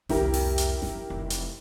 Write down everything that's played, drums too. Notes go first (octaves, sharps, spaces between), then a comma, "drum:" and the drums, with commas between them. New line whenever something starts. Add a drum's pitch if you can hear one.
C2 F2 E4 G4 A#4, drum: snare G1
drum: open hi-hat
drum: hi-hat
drum: snare G1
F1
drum: hi-hat